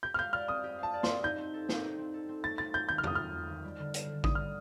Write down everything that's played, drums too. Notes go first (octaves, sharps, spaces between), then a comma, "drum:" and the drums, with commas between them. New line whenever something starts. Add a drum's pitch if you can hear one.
G4 G6
F6
F5 G6
D5 F6
C4 D#6
G4
F5 A5
D5
C6, drum: snare
C4
D#4 G6
C4
A4
C4, drum: snare
D#4
C4
A4
C4
A3 A6
F4 A6
C4 G6
D#3 G6
F6
A3 D#6, drum: tom
F4 F6
C4
D#3
G3
D3
D4, drum: hi-hat
D3
G3 D#6, drum: kick A1
D3 F6